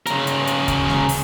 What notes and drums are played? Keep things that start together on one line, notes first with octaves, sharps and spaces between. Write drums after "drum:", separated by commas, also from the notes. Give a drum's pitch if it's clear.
C#3 A#4, drum: hi-hat
drum: hi-hat
drum: hi-hat
drum: kick D2, hi-hat
drum: snare G#3
drum: open hi-hat